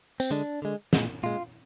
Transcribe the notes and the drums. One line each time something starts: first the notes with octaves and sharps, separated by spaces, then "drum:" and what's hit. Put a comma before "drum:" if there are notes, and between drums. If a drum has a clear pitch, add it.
C4, drum: tambourine
D3 G#3 D4
D3 G#3
A#2 G#3, drum: snare
A#2 G#3 F4